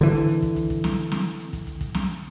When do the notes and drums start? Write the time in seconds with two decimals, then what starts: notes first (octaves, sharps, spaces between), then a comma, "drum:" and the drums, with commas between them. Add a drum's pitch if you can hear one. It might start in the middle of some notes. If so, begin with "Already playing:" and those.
0.01 D3 E3
0.15 drum: hi-hat
0.29 drum: hi-hat
0.42 drum: kick, hi-hat
0.56 drum: hi-hat
0.70 drum: kick, hi-hat
0.84 drum: snare
0.98 drum: hi-hat
1.12 drum: snare
1.25 drum: hi-hat
1.39 drum: hi-hat
1.53 drum: kick, hi-hat
1.67 drum: hi-hat
1.81 drum: kick, hi-hat
1.94 drum: snare
2.08 drum: hi-hat